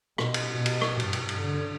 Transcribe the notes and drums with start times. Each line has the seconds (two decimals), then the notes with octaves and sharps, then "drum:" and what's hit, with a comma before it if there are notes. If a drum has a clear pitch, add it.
0.18 B2, drum: rim click
0.34 drum: cymbal
0.56 B2
0.66 drum: cymbal
0.81 drum: rim click
1.00 G2, drum: cymbal
1.13 drum: cymbal
1.29 drum: cymbal
1.40 D3